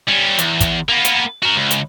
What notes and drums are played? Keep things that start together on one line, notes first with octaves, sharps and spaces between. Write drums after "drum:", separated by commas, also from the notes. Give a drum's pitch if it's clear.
G3 C#4
E2, drum: hi-hat
drum: kick, hi-hat
A#3 B3
drum: hi-hat
F#4 A#4
C#2
drum: hi-hat